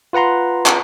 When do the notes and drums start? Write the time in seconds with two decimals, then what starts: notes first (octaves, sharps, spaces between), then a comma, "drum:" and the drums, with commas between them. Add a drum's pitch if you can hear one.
0.13 F4 B4 F#5 A#5 C6
0.66 drum: clap